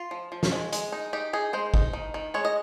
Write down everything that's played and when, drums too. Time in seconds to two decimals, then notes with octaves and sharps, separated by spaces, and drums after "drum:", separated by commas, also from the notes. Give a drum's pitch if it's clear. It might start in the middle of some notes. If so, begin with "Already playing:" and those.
Already playing: F4
0.11 F3
0.32 F3
0.43 drum: snare
0.52 G#3
0.72 G#3, drum: hi-hat
0.92 D#4
1.13 D#4 G4
1.33 D#4 G#4
1.53 G#3 C5
1.74 D#4, drum: kick
1.93 D#3
2.14 D#3
2.34 G#3 C#5
2.45 D#5